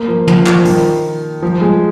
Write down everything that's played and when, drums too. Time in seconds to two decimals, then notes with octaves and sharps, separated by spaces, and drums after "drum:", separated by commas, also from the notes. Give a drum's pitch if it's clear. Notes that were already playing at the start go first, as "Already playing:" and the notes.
Already playing: A#3
0.08 F3
0.27 F3, drum: tom
0.46 F3, drum: clap
0.65 D#3, drum: open hi-hat
1.42 F3
1.61 G#3